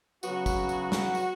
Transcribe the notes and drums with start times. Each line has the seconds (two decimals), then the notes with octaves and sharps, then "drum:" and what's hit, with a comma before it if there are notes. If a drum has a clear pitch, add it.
0.23 C#3 F#3 B3 F#4, drum: tambourine
0.46 drum: kick, tambourine
0.69 drum: tambourine
0.92 drum: snare
1.15 drum: tambourine